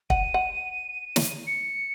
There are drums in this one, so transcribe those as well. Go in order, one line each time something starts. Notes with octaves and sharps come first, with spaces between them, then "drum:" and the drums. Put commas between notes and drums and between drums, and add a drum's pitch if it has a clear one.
F#5 D#7, drum: kick
F#5
drum: snare
C#7